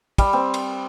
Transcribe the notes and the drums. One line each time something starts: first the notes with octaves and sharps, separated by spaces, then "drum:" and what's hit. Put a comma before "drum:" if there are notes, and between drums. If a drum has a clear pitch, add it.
G3, drum: kick, cymbal
C4
drum: cymbal